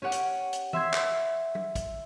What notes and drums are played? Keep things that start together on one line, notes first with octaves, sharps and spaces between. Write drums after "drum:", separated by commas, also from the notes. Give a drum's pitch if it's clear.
C#4 G4 C#5 F#5 D6
drum: hi-hat
drum: hi-hat
E5 C6 E6 G#6 B6, drum: tom E3
drum: clap
drum: tom
drum: kick, hi-hat